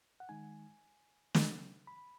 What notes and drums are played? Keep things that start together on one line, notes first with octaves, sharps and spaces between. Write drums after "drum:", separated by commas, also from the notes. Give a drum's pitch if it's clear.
F#5
D#3 G#3 D#4 G#5
C#3 F#3 C#4, drum: snare
B5